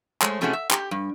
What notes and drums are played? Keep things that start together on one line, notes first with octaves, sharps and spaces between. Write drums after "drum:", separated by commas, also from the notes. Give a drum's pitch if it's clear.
G#3 A3 C5 C#5, drum: clap
A2 C3 A3 C#4 F#4 G#4
E5
G4, drum: clap
G2